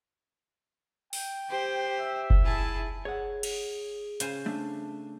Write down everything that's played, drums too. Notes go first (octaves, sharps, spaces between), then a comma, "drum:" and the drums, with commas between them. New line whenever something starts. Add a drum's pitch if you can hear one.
G5, drum: open hi-hat
G4 C5
E5
drum: kick F#1
E4 G#4 A5
G#4 C#5 F#5
drum: cymbal
C#3 C5 G#5, drum: hi-hat
A3 D4